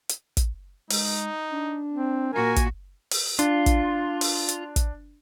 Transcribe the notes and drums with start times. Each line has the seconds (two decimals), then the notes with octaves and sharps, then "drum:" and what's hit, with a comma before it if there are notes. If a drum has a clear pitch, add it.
0.09 drum: hi-hat
0.37 drum: kick, hi-hat
0.90 G#3 D#4, drum: open hi-hat
1.51 D4
1.93 C4
2.33 A#2 F#4 A#4 G#5
2.56 drum: kick, hi-hat
3.11 drum: open hi-hat
3.39 D4 F4, drum: hi-hat
3.66 drum: kick, hi-hat
4.21 drum: open hi-hat
4.49 drum: hi-hat
4.76 drum: kick, hi-hat